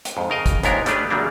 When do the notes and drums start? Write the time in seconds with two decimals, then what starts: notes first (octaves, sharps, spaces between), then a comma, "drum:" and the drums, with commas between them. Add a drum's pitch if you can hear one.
0.05 drum: hi-hat
0.17 F2 G#2
0.30 C#3 A#4 D#5 F5
0.46 drum: kick, hi-hat
0.63 D#2 G#2 B3 D4 E4 A#4, drum: hi-hat
0.86 G3 A3 B3 D4 G4 B4, drum: hi-hat
1.10 E2 C#3 F#3 G3 A#3 D4